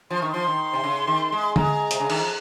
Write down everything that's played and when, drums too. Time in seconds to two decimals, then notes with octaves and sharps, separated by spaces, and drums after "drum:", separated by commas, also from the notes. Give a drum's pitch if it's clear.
0.11 F3 C6
0.21 D#3 C#6
0.31 F3 C6
0.47 D#3
0.73 C3
0.84 C#3
1.07 D#3
1.32 G#3
1.56 G#3 A#5, drum: tom D3
1.91 C3, drum: hi-hat
2.00 C#3
2.10 D#3, drum: cymbal
2.20 F3